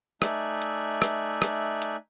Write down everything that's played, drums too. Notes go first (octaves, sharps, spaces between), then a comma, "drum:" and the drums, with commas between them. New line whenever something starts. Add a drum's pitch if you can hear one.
A3 D#4 D5 E5 G#5 F#6, drum: rim click
drum: hi-hat
drum: rim click
drum: rim click
drum: hi-hat